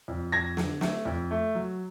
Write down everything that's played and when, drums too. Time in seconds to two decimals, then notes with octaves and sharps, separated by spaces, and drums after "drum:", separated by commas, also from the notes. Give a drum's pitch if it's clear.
0.08 F2
0.32 F2 G#6 A#6
0.57 D3, drum: snare
0.81 A3, drum: snare
1.05 F2
1.31 A3
1.55 F#3